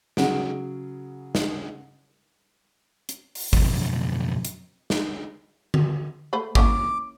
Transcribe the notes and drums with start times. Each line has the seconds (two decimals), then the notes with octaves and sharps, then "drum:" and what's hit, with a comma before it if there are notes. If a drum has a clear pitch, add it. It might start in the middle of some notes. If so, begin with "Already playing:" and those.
0.17 C#3 F#3 C#4 G#4 F#5 D7, drum: snare
1.35 drum: snare
3.09 drum: hi-hat
3.35 drum: open hi-hat
3.53 B1 F2, drum: kick G#1
4.45 drum: hi-hat
4.90 drum: snare
5.74 drum: tom D3
6.33 A3 C5 B5
6.55 A#3 C#4 E4 D6, drum: kick G#1